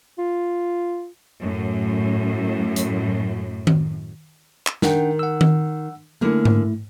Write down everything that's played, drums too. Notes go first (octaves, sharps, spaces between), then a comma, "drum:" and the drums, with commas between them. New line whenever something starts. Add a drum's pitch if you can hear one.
F4
F#2 A2
drum: hi-hat
drum: tom D#3
drum: clap
D#3 D4 F#5 G5, drum: snare
F#5 E6
drum: tom D#3
D3 A3 A#3 C#4 E4
drum: tom G#2